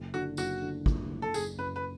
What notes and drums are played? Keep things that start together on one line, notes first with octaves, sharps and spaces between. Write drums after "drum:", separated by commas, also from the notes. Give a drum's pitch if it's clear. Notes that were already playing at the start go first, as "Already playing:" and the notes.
Already playing: F#1
D3 F#4
F#1 F#4, drum: tambourine
D3
F#1, drum: kick
F#1
A4
F#1 G#4, drum: tambourine
F#2 B4
B4